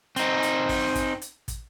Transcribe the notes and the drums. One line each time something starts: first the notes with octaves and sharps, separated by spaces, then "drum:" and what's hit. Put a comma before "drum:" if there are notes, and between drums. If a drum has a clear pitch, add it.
C4 D#4, drum: hi-hat
drum: hi-hat
drum: kick, open hi-hat
drum: kick, hi-hat
drum: hi-hat
drum: kick, hi-hat